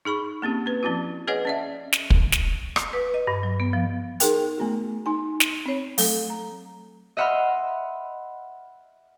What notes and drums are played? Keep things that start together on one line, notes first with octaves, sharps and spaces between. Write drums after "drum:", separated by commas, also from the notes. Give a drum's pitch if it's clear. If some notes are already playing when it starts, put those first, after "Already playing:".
D#4 G#4 B5 C#6
A#3 C4 C#4 G4
C4 B4
F3 C4 C#4 E4 F#4
G#4 B4 C#5 D#5 F#5 G#5
C#4 D5 E5
drum: snare
drum: kick
drum: snare
drum: rim click
B4
D#5
G2
F#3
B3
F3
D#4 G#4 A#4 G5, drum: hi-hat
A3 B3 F#4
D#4 G#5
drum: snare
C4 C#5
F#3 A3 A4, drum: open hi-hat
A#5
D#5 E5 F#5 B5 C6 F6